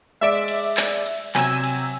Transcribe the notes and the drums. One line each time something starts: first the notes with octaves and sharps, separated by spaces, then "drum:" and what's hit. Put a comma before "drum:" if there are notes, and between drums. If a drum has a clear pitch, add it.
G#3 D5 E5 D7
drum: cymbal
drum: clap
drum: cymbal
C3 F#3 G#5 E6, drum: clap
drum: cymbal